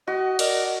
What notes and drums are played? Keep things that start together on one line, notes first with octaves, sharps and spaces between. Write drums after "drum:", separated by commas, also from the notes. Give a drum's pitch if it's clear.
F#4 D#5
A#4 D5 D#5, drum: cymbal